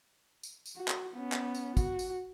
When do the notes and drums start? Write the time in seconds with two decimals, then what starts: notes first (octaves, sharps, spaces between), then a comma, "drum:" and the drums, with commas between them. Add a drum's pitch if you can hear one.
0.43 drum: tambourine
0.66 drum: tambourine
0.76 F#4
0.88 drum: clap
1.14 B3 C#4
1.32 drum: clap
1.54 drum: tambourine
1.77 F#4, drum: kick, tambourine
1.99 drum: tambourine